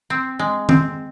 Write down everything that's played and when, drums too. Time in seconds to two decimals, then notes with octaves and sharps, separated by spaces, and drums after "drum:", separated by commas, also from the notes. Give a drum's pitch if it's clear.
0.10 C4
0.39 G#3
0.69 C4, drum: tom